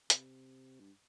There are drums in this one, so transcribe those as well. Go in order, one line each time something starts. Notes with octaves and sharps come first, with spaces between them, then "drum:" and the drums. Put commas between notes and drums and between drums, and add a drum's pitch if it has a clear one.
C3, drum: hi-hat
G2